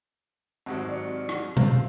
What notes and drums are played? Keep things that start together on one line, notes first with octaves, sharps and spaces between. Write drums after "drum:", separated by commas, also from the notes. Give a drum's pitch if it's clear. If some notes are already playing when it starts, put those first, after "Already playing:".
G#1 G#2 F#3 C4 G4
D5 C#7
F6
drum: rim click
C4 F4, drum: tom